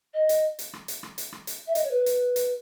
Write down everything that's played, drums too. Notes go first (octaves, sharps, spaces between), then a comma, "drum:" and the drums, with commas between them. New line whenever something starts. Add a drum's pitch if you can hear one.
D#5
drum: hi-hat
drum: hi-hat
drum: rim click
drum: hi-hat
drum: rim click
drum: hi-hat
drum: rim click
drum: hi-hat
E5
D#5, drum: hi-hat
C#5
B4
drum: hi-hat
drum: hi-hat